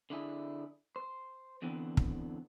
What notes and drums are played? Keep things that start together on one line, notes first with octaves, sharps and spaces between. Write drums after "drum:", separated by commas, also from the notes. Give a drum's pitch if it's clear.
D3 D4 E4 G#4
C5
E2 D3 E3 B3 C4
drum: kick